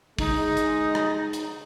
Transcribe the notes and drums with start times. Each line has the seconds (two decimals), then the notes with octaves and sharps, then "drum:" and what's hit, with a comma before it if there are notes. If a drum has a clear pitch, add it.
0.19 G#3 D#4, drum: kick, open hi-hat
0.57 drum: hi-hat
0.95 drum: rim click
1.33 drum: hi-hat